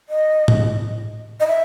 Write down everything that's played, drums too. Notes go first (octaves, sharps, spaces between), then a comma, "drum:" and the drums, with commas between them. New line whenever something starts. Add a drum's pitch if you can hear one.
D#5
drum: tom A2
D#5
E5